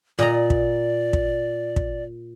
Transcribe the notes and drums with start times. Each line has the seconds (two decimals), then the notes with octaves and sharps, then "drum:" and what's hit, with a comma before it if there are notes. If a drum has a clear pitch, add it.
0.19 A#2 D5 D#5 A#5
0.50 drum: kick
1.13 drum: kick
1.76 drum: kick